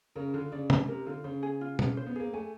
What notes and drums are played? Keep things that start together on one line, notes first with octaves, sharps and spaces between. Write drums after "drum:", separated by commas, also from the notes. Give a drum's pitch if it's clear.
C#3 A#4
D3 F4
C#3 D5
C#4, drum: tom
C3 A#4
D3 F4
C#3 C5
G#4
F4
C#3 F4, drum: tom B2
C5
B3
A#3 G#4
A3 G#5